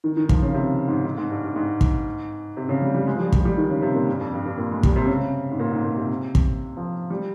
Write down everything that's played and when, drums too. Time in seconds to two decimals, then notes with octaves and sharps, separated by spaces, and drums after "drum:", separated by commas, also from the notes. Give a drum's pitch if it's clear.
0.04 D#3
0.17 D#3
0.29 F3, drum: kick
0.42 C#3
0.54 C3
0.88 G#2
1.05 G#2
1.18 G#2
1.30 G2
1.43 G2
1.56 G#2
1.81 drum: kick
2.57 C3
2.69 C#3
2.82 G3
2.94 G3
3.07 G#3
3.15 F3
3.19 G3
3.32 G3, drum: kick
3.45 G3
3.57 D#3
3.70 C#3
3.82 C3
3.95 A#2
4.08 G2
4.21 F2
4.34 G2
4.46 G2
4.58 A#2
4.71 G#3
4.83 G3, drum: kick
4.96 C3
5.06 C#3
5.16 C3
5.51 G#2
5.59 A#2
5.72 G#2
5.84 A#2
5.97 C3
6.35 drum: kick
6.77 F3
7.10 G3